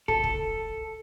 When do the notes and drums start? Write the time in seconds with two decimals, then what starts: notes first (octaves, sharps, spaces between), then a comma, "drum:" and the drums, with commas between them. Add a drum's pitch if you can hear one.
0.08 A4, drum: kick
0.24 drum: kick